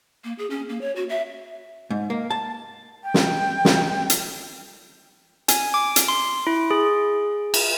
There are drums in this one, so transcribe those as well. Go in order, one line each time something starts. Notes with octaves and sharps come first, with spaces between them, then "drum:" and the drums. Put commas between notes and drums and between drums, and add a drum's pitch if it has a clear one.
A#3
G#4
C#4
A#3
C#5
F#4
E5
G#2
A#3
A5
G5
drum: snare
drum: snare
drum: hi-hat
G#5, drum: hi-hat
D6
drum: hi-hat
C6
E4
G#4
drum: cymbal